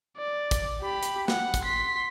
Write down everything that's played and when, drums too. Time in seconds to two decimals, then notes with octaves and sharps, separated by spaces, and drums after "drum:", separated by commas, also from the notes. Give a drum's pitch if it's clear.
0.18 D5
0.51 drum: kick, hi-hat
0.82 G4 B5
1.03 drum: hi-hat
1.28 F#5, drum: snare
1.54 drum: kick, hi-hat
1.63 C6 B6